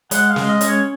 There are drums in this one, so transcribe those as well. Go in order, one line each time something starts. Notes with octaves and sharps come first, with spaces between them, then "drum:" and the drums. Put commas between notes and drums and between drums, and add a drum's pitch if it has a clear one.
G#3 F#5, drum: hi-hat
F5
G#3, drum: snare
D#5
C#4, drum: hi-hat
C#5